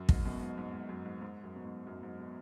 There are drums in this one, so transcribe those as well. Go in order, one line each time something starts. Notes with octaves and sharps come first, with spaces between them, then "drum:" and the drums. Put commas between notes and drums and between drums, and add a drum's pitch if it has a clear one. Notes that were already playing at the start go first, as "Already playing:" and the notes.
Already playing: F#2
G#2, drum: kick
F#2 B2
G#2
G#2
G#2
F#2
G#2
G#2
F#2
B2
G#2
F#2 B2
G#2
B2